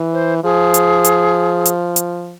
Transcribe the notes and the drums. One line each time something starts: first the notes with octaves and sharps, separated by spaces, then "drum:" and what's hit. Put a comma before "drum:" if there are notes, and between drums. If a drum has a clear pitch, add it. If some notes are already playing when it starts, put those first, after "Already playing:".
Already playing: E3
C5
F3 G#4
drum: hi-hat
drum: hi-hat
drum: hi-hat
drum: hi-hat